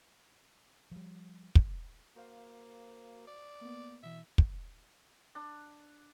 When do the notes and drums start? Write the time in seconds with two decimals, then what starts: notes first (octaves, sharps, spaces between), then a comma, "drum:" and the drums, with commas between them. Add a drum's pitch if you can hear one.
0.91 F3 G3
1.55 drum: kick
2.16 A#3 F#4 C5 F5
3.27 D5
3.61 A#3 B3
4.03 B2 E3 E5
4.38 drum: kick
5.35 D4